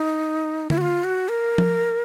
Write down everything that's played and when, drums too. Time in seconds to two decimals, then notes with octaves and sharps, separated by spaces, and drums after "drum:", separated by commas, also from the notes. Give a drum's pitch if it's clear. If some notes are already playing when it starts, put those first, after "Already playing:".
Already playing: D#4
0.70 E4, drum: tom D3
0.78 F#4
0.81 F4
1.04 F#4
1.29 A#4
1.58 drum: tom F3